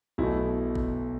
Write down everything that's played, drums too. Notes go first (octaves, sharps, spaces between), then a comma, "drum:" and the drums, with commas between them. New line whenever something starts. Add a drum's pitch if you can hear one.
B1 B2 A3 E4
drum: kick G1